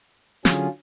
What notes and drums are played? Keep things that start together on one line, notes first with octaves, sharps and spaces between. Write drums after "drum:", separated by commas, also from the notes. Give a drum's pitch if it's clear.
D3 F#3 C#4 F4 G#4, drum: snare